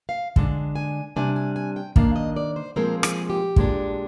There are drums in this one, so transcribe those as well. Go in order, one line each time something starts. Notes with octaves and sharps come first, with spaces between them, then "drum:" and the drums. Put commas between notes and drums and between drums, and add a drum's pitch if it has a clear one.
F5
D3 G#3 D4, drum: kick
G#5
C3 G3 D4 G#5
G#5
G#5
G5
D#3 A#3 D4 F5, drum: kick
D#5
D5
C5
A#2 F3 G#3 C4 A#4
G#4, drum: rim click
G4
A#2 G#3 D4, drum: kick